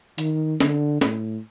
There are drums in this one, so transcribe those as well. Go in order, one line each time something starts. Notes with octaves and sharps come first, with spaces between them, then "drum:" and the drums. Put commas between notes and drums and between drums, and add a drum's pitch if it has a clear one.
D#3, drum: hi-hat
D3, drum: snare
A2, drum: snare